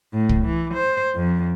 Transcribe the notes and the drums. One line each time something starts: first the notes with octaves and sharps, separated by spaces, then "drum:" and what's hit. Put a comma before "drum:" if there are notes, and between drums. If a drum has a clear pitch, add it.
A2
drum: kick
E3
C5
F2